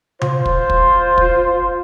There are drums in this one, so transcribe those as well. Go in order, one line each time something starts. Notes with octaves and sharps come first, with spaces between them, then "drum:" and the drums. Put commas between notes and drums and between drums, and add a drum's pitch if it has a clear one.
F4 C5, drum: tom C3
drum: kick
drum: kick
drum: kick